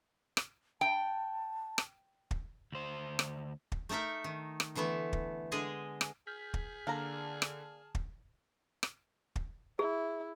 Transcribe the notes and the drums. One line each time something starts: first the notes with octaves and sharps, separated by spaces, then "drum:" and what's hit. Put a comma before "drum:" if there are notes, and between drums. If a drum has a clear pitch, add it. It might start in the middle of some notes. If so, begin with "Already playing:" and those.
drum: rim click
G5 A5
drum: rim click
drum: kick
D2 C5
drum: rim click
drum: kick
A3 D#4 A4 A#4 E5
D#3
drum: rim click
D3 E3 A3 B3 E4
drum: kick
D3 G#3 G#4 D#5 G#5
drum: rim click
G#4 F6 G6 B6
drum: kick
D3 A#3 D4 A5 A#5 F6
drum: rim click
drum: kick
drum: rim click
drum: kick
E4 G#4